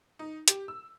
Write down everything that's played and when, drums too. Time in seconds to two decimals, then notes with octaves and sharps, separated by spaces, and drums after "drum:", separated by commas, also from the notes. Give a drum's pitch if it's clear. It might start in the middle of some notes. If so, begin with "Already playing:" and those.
0.19 D#4
0.48 G4, drum: hi-hat
0.68 E6